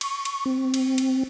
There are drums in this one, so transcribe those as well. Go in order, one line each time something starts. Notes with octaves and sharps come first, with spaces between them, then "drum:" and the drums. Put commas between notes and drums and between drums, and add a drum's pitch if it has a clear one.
C#6, drum: cymbal
drum: cymbal
C4
drum: cymbal
drum: cymbal